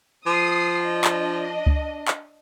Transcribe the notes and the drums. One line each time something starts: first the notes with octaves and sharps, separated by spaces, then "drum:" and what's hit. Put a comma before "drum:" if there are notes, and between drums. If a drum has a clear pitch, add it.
F3 D#6 C7
D4 D#5
drum: clap
drum: kick C#2
drum: clap